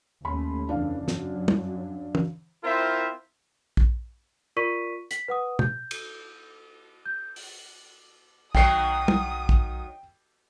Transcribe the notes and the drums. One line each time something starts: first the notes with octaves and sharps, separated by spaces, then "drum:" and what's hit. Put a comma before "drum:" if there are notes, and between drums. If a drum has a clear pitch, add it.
D#2 A3 C#4 B5 C6
F2 C#3 E3 D4 F5
F#2 F#3, drum: snare
drum: tom
drum: tom
C4 E4 F4 A#4 C5 E5
drum: kick
F4 A#4 D5 C#6 B6 D#7
B6, drum: hi-hat
B4 F#5 D#6
G6, drum: tom
drum: cymbal
G6
drum: open hi-hat
B1 D#3 F#3 D#5 G5 D#6 C7, drum: kick
drum: tom
drum: kick